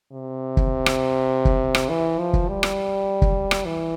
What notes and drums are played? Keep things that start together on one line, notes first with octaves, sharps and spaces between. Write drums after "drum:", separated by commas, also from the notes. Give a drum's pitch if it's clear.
C3
drum: kick
drum: rim click
drum: kick
drum: rim click
E3
F3
drum: kick
G3
drum: rim click
drum: kick
drum: rim click
E3